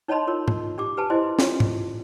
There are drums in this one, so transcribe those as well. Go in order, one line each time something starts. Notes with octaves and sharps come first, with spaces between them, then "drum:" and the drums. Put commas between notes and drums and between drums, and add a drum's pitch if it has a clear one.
D#4 C#5 D#5 A5 B5 C6
F4 A#4 C#5
drum: tom G#2
D4 G4 D6
G4 B4 G#5 A5
E4 C5 D#5 G#5 C6
F4, drum: snare
drum: tom G#2